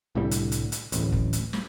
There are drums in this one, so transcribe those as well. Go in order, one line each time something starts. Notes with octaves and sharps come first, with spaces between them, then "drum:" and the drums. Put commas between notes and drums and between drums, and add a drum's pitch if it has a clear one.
C2 A2 D3 G3
drum: hi-hat
drum: hi-hat
drum: hi-hat
D1 A1, drum: hi-hat
drum: kick
drum: hi-hat
drum: snare